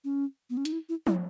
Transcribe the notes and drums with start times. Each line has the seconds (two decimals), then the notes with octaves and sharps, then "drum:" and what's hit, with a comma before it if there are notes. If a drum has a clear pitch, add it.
0.04 C#4
0.50 B3
0.57 C#4
0.65 D#4, drum: hi-hat
0.72 E4
0.89 E4
1.07 E4, drum: tom